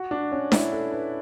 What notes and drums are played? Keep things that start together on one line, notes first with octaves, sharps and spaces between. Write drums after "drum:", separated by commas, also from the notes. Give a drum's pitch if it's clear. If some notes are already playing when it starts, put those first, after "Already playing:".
Already playing: F#4
D4
C#4
E4, drum: snare D4
A4
B4